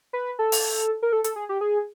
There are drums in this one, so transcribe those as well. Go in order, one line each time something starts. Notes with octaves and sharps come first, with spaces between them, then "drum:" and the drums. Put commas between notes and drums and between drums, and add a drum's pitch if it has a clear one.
B4
A4
drum: open hi-hat
A#4
A4
A4, drum: hi-hat
G#4
G4
G#4